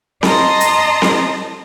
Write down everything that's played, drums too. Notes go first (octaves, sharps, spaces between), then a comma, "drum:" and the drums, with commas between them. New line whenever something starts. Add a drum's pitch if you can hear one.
D#5 A5 A#5 C6, drum: snare C4
drum: hi-hat
drum: snare C4